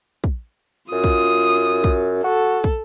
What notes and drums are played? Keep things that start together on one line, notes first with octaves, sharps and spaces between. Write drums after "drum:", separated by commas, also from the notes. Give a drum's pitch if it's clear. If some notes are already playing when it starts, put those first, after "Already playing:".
drum: kick
F#2 F4 D#6
drum: kick
drum: kick
F#4 A4
drum: kick